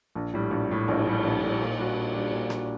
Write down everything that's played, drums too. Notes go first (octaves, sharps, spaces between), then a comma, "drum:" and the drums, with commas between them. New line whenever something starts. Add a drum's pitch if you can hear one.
A#1
A2 G3
A#1
A2 G3
A#1, drum: cymbal
A2 G3
A#1
A2 G3
A#2
G3 D4 F#4
A#2
G3 D4 F#4
A#2
G3 D4 F#4, drum: rim click